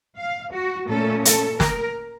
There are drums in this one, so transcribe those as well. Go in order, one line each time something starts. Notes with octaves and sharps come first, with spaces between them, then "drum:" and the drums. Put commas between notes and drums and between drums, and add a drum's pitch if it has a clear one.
F5
F#4
A#2 A3 C#4 A4
A4, drum: hi-hat
A#4, drum: snare